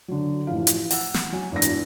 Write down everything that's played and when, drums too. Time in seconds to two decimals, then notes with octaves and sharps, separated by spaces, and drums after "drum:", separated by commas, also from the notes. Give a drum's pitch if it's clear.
0.08 D3 F#3
0.47 A1 E3 F3 F5
0.67 drum: hi-hat
0.91 F#5 E6, drum: open hi-hat
1.14 drum: snare
1.33 F#3 G#5
1.52 G#1 E2 D4 A#6
1.62 drum: hi-hat